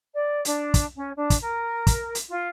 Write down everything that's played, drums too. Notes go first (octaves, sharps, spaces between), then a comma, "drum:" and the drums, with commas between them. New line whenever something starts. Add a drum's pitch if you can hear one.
D5
D4, drum: hi-hat
drum: kick, hi-hat
C#4
D4
drum: kick, hi-hat
A#4
drum: kick, hi-hat
drum: hi-hat
F4